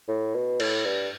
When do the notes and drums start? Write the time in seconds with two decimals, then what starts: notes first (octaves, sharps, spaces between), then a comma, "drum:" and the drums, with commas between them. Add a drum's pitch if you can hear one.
0.08 A2
0.34 B2
0.60 A2, drum: cymbal
0.85 G2